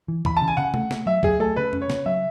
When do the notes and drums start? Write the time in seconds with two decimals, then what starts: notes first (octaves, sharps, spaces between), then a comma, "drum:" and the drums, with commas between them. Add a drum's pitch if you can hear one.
0.08 E3
0.25 E3 B5, drum: kick C2
0.37 C#3 A5
0.48 G#5
0.57 C#3 F#5
0.74 A3, drum: tom C3
0.91 A3, drum: snare
1.06 F#3 E5
1.23 F#3 G#4, drum: kick C2
1.39 A3 A4
1.56 C#3 B4
1.73 C#4, drum: tom F2
1.81 C#5
1.90 C#3, drum: snare
2.06 F#3 E5